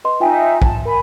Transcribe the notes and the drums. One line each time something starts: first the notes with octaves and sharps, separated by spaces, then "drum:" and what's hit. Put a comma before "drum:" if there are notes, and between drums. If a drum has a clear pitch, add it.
B4 D#5 C6
D#4 F4 E5 G5 G#5
A5, drum: kick
A#4 G#5 B5